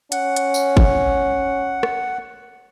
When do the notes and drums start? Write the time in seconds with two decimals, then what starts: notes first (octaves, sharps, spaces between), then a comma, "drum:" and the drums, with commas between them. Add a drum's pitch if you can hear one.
0.12 C#4 F#5, drum: hi-hat
0.36 drum: hi-hat
0.54 drum: tambourine
0.77 drum: kick G1
1.83 drum: rim click